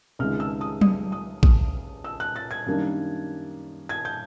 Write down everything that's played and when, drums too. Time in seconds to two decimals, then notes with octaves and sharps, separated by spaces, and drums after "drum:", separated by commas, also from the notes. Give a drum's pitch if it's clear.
0.19 C#2 C3 D#3 G#3 F6
0.40 E6
0.61 D#6
0.81 D#6, drum: tom F#3
1.12 D#6
1.43 D#6, drum: kick A1
2.04 E6
2.20 F#6
2.36 A6
2.51 G#6
2.66 F#2 D#3 G3 A#3 D4
3.89 G#6
4.05 G6